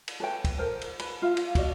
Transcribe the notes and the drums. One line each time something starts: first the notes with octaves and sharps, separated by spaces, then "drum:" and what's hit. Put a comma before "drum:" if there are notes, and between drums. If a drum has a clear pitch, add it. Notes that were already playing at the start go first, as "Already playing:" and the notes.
drum: cymbal
A4 B4 C#5 G5
drum: kick, cymbal
A4 A#4 C5
drum: cymbal
B4 B5, drum: cymbal
F4 F5
drum: cymbal
F#4 D5 D#5, drum: kick, cymbal